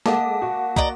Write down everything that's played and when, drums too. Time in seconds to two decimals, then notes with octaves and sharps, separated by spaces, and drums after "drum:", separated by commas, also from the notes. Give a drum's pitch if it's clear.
0.06 G#3 A#3 A4 A#4 F5 F#5 A5 D6, drum: snare
0.42 F#4
0.76 D5 D#5 A#5, drum: kick